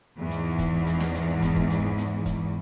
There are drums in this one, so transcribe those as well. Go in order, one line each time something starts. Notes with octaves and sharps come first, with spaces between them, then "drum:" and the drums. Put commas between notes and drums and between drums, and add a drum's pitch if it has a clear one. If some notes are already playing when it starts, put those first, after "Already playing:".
E2 G#2
drum: hi-hat
drum: kick, hi-hat
drum: hi-hat
drum: snare
drum: hi-hat
drum: kick, hi-hat
drum: kick
drum: hi-hat
drum: hi-hat
drum: kick, hi-hat